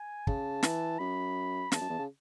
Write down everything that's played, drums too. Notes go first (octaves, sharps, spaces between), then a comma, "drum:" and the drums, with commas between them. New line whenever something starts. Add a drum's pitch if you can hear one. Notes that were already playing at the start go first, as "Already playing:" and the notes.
Already playing: G#5
C#3 A5, drum: kick
E3, drum: snare
F#2 B5
E2 A5, drum: snare
F#2
E2
C#3